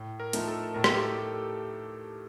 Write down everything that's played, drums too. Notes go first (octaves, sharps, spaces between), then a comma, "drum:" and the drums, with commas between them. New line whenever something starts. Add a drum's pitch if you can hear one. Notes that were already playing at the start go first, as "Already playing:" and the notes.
Already playing: A2
A#4
F3 A3 D#4, drum: hi-hat
A4
A2 A#4
A4, drum: rim click
G4
A4